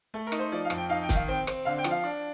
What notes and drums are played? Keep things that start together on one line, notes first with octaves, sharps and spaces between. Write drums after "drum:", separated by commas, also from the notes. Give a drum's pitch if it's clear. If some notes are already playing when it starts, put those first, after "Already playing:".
A3 A4
A#4
D#4, drum: rim click
C5
F3 D5
F5
F2, drum: rim click
G5
D#4 F5
G5
D#3, drum: kick, hi-hat
F5
C4 G5
C4, drum: rim click
D3 F5
G5
F3, drum: rim click
F5
D4